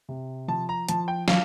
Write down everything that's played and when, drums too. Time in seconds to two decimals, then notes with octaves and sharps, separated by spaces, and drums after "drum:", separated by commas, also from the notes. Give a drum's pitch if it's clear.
0.09 C3
0.48 F3 A5
0.69 A#5
0.89 F3 A5, drum: hi-hat
1.08 G5
1.28 F3 F5, drum: snare